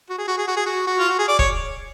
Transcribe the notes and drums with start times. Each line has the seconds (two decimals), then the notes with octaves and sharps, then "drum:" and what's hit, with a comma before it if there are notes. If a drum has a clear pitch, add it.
0.10 F#4
0.18 G#4
0.28 F#4
0.38 G#4
0.47 F#4
0.56 G#4
0.66 F#4
0.87 F#4
0.99 F4
1.09 F#4
1.19 G#4
1.28 D5
1.39 C#5, drum: kick